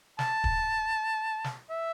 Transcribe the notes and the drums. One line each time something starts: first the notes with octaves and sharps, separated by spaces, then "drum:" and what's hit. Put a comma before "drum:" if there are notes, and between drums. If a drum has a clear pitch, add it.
A5, drum: snare
drum: kick
drum: snare
E5